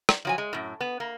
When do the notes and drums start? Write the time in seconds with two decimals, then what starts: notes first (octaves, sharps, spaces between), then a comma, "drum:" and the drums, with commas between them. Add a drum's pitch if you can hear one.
0.09 drum: rim click
0.25 F3 F#3 G#5
0.38 G#3
0.53 F#2 A2
0.81 B3
1.00 A#3